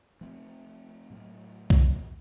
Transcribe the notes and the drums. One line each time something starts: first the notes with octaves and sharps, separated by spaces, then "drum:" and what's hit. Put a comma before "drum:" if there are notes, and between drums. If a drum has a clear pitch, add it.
F3 A3 C4
A2 F#3 A3
drum: kick